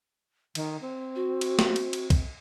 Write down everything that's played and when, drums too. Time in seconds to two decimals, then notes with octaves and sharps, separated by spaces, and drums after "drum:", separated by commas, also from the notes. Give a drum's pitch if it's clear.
0.55 D#3, drum: cymbal
0.81 C4
1.16 F#4
1.41 drum: cymbal
1.59 drum: snare
1.76 drum: cymbal
1.93 drum: cymbal
2.10 drum: kick, cymbal